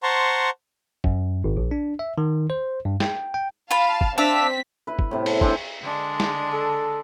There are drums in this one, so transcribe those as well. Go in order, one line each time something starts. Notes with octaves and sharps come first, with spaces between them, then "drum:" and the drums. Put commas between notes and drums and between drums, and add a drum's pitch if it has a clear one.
C5 F#5 A5 A#5 C6 C#6
F#2, drum: kick
G#1
A#1
D4
E5
D#3
C5
G2
G5, drum: snare
G5
F4 F5 A5 B5
drum: kick
C4 D4 E5 F5 B6
E4 B4
drum: kick
A2 C3 E4
A5, drum: cymbal
C4 D4 D5 G#5, drum: kick
D3 G#3 D4
drum: snare
A4